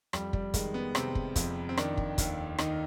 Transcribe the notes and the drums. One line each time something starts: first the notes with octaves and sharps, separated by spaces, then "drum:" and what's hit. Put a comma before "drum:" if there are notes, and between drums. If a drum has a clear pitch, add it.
F2 G3, drum: rim click
G3, drum: kick
D#3 G#3, drum: kick, hi-hat
B3
C3 C4, drum: rim click
drum: kick
F2, drum: kick, hi-hat
C4
D#3 D4, drum: rim click
drum: kick
D#2, drum: kick, hi-hat
D#3 D#4, drum: rim click